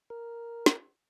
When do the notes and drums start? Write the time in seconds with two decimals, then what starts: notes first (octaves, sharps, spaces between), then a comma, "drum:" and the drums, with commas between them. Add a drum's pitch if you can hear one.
0.10 A#4
0.66 drum: snare